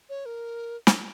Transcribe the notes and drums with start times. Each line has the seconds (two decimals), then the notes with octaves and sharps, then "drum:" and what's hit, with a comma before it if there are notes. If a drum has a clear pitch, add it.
0.09 C#5
0.26 A#4
0.87 drum: snare